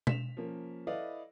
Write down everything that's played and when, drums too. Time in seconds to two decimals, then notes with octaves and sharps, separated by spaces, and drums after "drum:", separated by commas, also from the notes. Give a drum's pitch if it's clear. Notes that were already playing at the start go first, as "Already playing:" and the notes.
0.07 B6 E7 F7, drum: tom B2
0.37 F3 A#3 C#4
0.87 E4 A4 B4 D5 D#5 F5